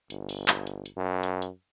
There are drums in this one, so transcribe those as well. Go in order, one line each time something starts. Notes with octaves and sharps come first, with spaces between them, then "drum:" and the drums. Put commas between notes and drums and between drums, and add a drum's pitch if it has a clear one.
G1, drum: hi-hat
drum: open hi-hat
drum: clap
drum: hi-hat
drum: hi-hat
F#2
drum: hi-hat
drum: hi-hat